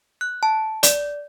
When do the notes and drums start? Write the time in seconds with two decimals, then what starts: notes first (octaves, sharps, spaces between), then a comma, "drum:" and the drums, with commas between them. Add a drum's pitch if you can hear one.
0.21 F#6
0.43 A5
0.83 D5, drum: hi-hat